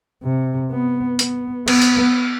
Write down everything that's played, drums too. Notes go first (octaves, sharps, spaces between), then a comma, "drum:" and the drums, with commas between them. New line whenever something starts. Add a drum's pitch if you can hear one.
C3
B3
B3, drum: hi-hat
B3, drum: cymbal
drum: hi-hat